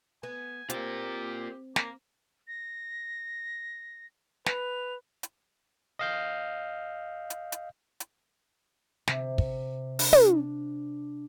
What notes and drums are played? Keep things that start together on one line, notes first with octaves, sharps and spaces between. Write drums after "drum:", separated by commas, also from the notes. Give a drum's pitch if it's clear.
B3 G#5
C4 F4 G4 A#4, drum: hi-hat
A#3, drum: snare
A#6
B4 F7, drum: snare
drum: hi-hat
D#5 F5 G6
drum: hi-hat
drum: hi-hat
drum: hi-hat
C3, drum: snare
drum: kick
D4, drum: open hi-hat
drum: tom